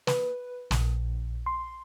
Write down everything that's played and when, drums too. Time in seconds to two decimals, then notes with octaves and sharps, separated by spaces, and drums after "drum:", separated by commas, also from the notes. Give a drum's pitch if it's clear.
0.07 B4, drum: snare
0.71 A#1, drum: snare
1.46 C6